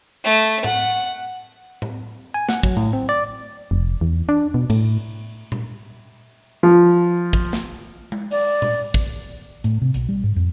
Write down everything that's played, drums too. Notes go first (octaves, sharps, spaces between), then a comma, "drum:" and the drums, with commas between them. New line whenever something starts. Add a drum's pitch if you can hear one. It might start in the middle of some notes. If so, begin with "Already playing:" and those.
A3
F#5, drum: tom A2
drum: tom A2
G#5
F#5, drum: snare
F#3, drum: kick
A2, drum: hi-hat
C4
D5
F1
E2
D4
B2
A2, drum: cymbal
drum: tom A#2
F3
drum: kick
drum: snare
drum: tom G#3
D5, drum: open hi-hat
drum: tom A#2
drum: kick
A2, drum: hi-hat
C3
B1, drum: hi-hat
G3
G#2
F2